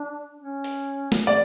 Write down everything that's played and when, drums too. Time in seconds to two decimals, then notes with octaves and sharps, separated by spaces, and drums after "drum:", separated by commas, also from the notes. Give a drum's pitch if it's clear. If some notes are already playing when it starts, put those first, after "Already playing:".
Already playing: D4
0.41 C#4
0.64 drum: open hi-hat
1.12 drum: snare A3
1.27 D5